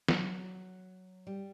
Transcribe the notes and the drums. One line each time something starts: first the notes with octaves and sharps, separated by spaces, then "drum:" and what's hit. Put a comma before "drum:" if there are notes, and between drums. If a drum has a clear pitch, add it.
F#3, drum: snare
G3